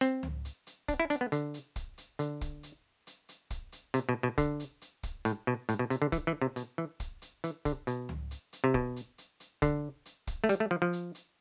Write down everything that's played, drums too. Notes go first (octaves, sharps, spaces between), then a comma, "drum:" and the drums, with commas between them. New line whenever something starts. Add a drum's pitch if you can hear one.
C4, drum: hi-hat
drum: tom C#2
drum: hi-hat
drum: hi-hat
D4, drum: kick, hi-hat
E4
D4, drum: hi-hat
B3
D3, drum: hi-hat
drum: hi-hat
drum: kick, hi-hat
drum: hi-hat
D3, drum: hi-hat
drum: kick, hi-hat
drum: hi-hat
drum: hi-hat
drum: hi-hat
drum: kick, hi-hat
drum: hi-hat
C3, drum: hi-hat
B2
B2
D3, drum: kick, hi-hat
drum: hi-hat
drum: hi-hat
drum: kick, hi-hat
A2, drum: hi-hat
B2
A2, drum: hi-hat
B2
C3, drum: hi-hat
D3
E3, drum: kick, hi-hat
E3
C3
B2, drum: hi-hat
E3
drum: kick, hi-hat
drum: hi-hat
E3, drum: hi-hat
D3, drum: kick, hi-hat
B2, drum: hi-hat
drum: tom C#2
drum: hi-hat
drum: hi-hat
C3
B2, drum: kick
drum: hi-hat
drum: hi-hat
drum: hi-hat
D3, drum: kick, hi-hat
drum: hi-hat
drum: kick, hi-hat
A3
G3, drum: hi-hat
A3
F3
F3
drum: hi-hat
drum: hi-hat